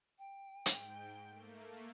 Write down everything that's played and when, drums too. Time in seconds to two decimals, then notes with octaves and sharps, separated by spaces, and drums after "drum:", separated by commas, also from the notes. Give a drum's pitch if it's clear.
0.18 G5
0.66 G#2 G6 D7, drum: hi-hat
1.27 A3 A#3